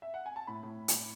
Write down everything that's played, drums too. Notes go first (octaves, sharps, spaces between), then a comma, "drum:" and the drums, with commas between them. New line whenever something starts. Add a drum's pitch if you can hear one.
E5
F#5
G#5
A5
A2 B5
A2
drum: hi-hat